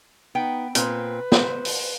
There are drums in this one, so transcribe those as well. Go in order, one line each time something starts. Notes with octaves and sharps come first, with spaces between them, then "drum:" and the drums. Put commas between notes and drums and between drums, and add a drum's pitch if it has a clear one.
B3 D#4 G5
A#2 C4 B4, drum: hi-hat
C5, drum: snare
drum: open hi-hat